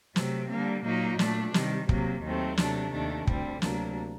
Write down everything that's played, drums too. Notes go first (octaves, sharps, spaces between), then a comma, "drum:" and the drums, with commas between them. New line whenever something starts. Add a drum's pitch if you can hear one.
C3 F#3 A3 C4, drum: snare
D3 G3 A#3
A#2 F#3 A#3 D#4
A#2 A3 D4, drum: snare
C3 D#3 G3, drum: snare
C3 F#3 A#3, drum: kick
D#2 D#3 F#3 A3 C4
C3 F#3 A3 D4, drum: snare
D#2 D#3 A3 D4
D2 D3 G3 C4, drum: kick
D2 C3 F#3 A#3 D4, drum: snare